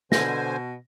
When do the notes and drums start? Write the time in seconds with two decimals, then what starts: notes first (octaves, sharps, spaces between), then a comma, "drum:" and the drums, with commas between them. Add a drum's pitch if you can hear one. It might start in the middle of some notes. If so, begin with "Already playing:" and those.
0.12 B2 D3 C5 G#5 A#6, drum: snare